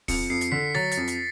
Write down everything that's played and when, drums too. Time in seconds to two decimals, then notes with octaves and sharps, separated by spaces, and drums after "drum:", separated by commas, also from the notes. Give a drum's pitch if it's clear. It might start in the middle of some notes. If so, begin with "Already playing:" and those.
0.08 F2 C#7, drum: kick, open hi-hat
0.30 F2 C7
0.41 drum: hi-hat
0.52 D3 B6
0.75 F#3 A6, drum: tom D3
0.92 A6, drum: hi-hat
0.97 F2
1.08 drum: hi-hat